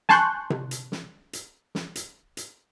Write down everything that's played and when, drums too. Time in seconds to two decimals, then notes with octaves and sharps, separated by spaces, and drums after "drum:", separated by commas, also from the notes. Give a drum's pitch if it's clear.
0.09 G#5 A5 C6 C#6 F#6 G6, drum: snare
0.50 drum: tom C3
0.71 drum: hi-hat
0.92 drum: snare
1.33 drum: hi-hat
1.75 drum: snare
1.95 drum: hi-hat
2.37 drum: hi-hat